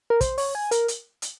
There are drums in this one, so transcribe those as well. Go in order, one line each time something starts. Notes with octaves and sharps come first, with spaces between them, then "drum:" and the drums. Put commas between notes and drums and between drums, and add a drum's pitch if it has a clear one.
A#4
C5, drum: kick, hi-hat
C#5, drum: open hi-hat
G#5
A#4, drum: hi-hat
drum: hi-hat
drum: hi-hat